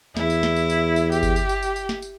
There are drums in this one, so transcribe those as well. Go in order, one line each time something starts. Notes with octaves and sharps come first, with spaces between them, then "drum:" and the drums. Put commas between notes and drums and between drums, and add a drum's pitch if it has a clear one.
E2 E4, drum: snare
drum: tambourine
drum: snare
drum: tambourine
drum: tambourine
drum: tambourine
G4, drum: tambourine
drum: kick G1, tambourine
drum: tambourine
drum: tambourine
drum: tambourine
drum: tambourine
drum: snare
drum: tambourine